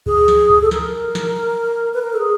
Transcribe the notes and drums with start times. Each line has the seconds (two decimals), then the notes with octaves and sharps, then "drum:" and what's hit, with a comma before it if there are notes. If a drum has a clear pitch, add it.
0.06 G#4, drum: kick
0.28 drum: snare
0.50 drum: kick
0.61 A4
0.71 A#4, drum: snare
1.15 drum: snare
1.94 B4
2.01 A#4
2.13 A4
2.18 G#4